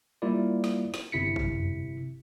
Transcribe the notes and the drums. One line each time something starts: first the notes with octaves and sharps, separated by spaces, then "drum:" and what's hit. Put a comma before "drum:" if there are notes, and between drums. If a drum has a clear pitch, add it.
G3 A#3 E4 F4 D5
drum: snare
drum: snare
G1 C3 E4 B6 C#7
drum: kick G#1
drum: tom F2